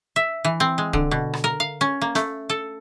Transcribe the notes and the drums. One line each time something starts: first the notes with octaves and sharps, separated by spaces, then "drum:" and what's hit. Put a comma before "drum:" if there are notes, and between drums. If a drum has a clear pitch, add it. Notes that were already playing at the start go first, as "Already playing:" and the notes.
E5
E3
C4
G#3
D3, drum: kick D1
B2
drum: rim click
A#4
F5
C#4
A#3
A3, drum: snare
A4